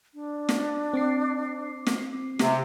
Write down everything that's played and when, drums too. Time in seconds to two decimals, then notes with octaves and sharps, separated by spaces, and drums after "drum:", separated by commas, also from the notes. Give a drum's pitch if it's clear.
0.14 D4
0.49 drum: snare
0.94 C4 D6 C7
1.86 drum: snare
2.39 C3, drum: snare